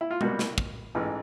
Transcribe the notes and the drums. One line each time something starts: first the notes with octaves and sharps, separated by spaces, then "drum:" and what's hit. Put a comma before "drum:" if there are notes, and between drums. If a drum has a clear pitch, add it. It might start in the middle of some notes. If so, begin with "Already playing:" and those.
E4
F4
C2 B2 G3 A#3 F#4, drum: tom G#3
drum: snare
drum: kick
A1 G#2 E3